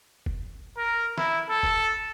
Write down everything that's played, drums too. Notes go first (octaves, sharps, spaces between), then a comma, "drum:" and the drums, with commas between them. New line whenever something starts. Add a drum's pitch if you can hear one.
drum: kick F#1
A#4
E4, drum: snare
A4
drum: kick F#1